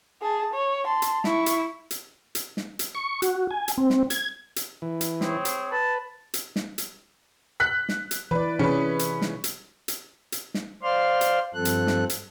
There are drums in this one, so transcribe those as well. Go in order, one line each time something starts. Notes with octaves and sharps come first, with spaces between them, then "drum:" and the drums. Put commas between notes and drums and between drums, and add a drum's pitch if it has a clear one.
G#4 A5
C#5
A5 C6
drum: hi-hat
E4 C#6, drum: snare
drum: hi-hat
drum: hi-hat
drum: hi-hat
drum: snare
drum: hi-hat
C#6
F#4, drum: hi-hat
G#5
drum: hi-hat
C4
drum: snare
G#6, drum: hi-hat
drum: hi-hat
E3
drum: hi-hat
C4 G#4 C#5, drum: snare
drum: hi-hat
B4 A5
drum: hi-hat
drum: snare
drum: hi-hat
F#6 B6
drum: snare
drum: hi-hat
E3 B4 D5
C3 E3 C#4 G#4 B4
drum: hi-hat
drum: snare
drum: hi-hat
drum: hi-hat
drum: hi-hat
drum: snare
C5 D5 F5 C6 F6
drum: hi-hat
G2 F3 C4 A4 F#6
drum: hi-hat
drum: snare
drum: hi-hat